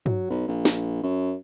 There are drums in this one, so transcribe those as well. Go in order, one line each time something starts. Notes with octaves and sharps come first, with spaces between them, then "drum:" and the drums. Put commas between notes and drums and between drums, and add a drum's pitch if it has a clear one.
F#3, drum: tom G2
B1
A#1
drum: snare
F#2